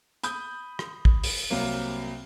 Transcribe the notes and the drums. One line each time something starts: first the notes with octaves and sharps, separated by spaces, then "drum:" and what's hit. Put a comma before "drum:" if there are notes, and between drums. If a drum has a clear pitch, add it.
B5 D#6 G6, drum: hi-hat
drum: rim click
drum: kick
drum: open hi-hat
C2 C3 F#3 A#3